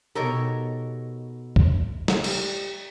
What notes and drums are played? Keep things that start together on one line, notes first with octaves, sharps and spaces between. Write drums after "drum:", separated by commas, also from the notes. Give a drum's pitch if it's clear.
B2 D#4 G4 A4 A#4 C#5
drum: kick
drum: snare
G3, drum: cymbal